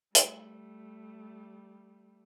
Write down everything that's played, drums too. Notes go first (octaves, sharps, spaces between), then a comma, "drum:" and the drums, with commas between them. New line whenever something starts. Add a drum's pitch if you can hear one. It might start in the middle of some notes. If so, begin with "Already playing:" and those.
G3 A3, drum: hi-hat